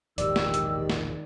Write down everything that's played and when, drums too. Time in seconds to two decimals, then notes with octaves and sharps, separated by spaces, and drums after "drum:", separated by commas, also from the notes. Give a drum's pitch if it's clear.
0.18 E1 A#1 G#2 D#3 G4 D5 E6, drum: hi-hat
0.36 drum: snare
0.54 drum: hi-hat
0.89 drum: snare